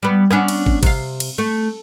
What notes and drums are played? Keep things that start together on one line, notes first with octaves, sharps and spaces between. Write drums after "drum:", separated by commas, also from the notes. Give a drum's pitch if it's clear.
G3 B3
B3 C#4 D4, drum: rim click
drum: cymbal
drum: kick
C3 F5, drum: kick, cymbal
drum: cymbal
A3